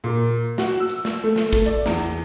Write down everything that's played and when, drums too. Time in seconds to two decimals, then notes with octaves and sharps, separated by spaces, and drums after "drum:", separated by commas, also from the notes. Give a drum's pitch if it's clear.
0.04 A#2
0.58 F#4, drum: snare
0.80 E6
0.89 drum: hi-hat
1.05 drum: snare
1.24 A3
1.36 drum: snare
1.53 A3, drum: kick, hi-hat
1.66 D5, drum: hi-hat
1.86 E2, drum: snare
1.98 drum: hi-hat